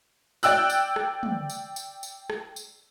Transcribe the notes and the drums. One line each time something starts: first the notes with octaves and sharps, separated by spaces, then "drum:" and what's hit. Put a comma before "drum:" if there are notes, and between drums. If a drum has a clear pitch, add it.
D5 G5 E6 F#6, drum: tambourine
drum: tambourine
drum: rim click
drum: tom
drum: tambourine
drum: tambourine
drum: tambourine
drum: rim click
drum: tambourine